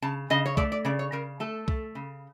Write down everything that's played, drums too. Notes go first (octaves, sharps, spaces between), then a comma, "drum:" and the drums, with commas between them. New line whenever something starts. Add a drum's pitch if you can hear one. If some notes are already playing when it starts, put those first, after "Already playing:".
C#3 A5
C#3 D#5
C#5
A3 D5, drum: kick C2
D5
C#3 D5
C#5
C#3 A#4
A3 A4
A3, drum: kick C2
C#3